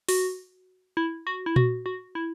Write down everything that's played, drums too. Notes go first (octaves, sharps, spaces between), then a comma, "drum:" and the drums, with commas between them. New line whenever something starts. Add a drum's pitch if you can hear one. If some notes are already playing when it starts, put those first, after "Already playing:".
F#4, drum: open hi-hat
E4
F#4
E4
F#4, drum: tom A#2
F#4
E4